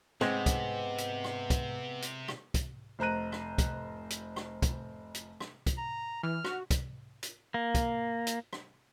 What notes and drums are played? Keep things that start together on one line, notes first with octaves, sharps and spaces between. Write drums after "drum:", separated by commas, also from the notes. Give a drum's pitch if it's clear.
G#2 C3 G#3 B3 C4, drum: rim click
drum: kick, hi-hat
drum: hi-hat
drum: rim click
drum: kick, hi-hat
drum: hi-hat
drum: rim click
drum: kick, hi-hat
F1 C5 A#5 F#6 D#7
drum: rim click
drum: kick, hi-hat
drum: hi-hat
drum: rim click
drum: kick, hi-hat
drum: hi-hat
drum: rim click
drum: kick, hi-hat
A#5
E3 F6
F#4, drum: rim click
drum: kick, hi-hat
drum: hi-hat
A#3
drum: kick, hi-hat
drum: hi-hat
drum: rim click